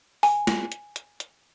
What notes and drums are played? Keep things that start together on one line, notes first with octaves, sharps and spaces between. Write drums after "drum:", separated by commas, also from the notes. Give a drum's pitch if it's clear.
G#5, drum: open hi-hat
drum: snare
drum: hi-hat
drum: hi-hat
drum: hi-hat